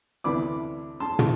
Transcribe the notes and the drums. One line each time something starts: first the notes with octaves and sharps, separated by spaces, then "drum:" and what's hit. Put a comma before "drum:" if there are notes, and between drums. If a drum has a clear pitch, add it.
D2 C3 E3 B3 D4 B5 D6
A5 C6
drum: tom